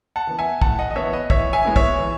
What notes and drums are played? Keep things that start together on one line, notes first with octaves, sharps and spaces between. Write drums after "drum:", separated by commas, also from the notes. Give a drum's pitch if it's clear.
F#5 A5
E3 B3
E5 G#5
A2 F#5 A5, drum: kick
D#5 F#5
D#5
E3 B3 C#5 E5
B4 D#5
E3 C#5 E5, drum: kick
E5 G#5
G#3 B3 E4
C#5 E5, drum: kick
E3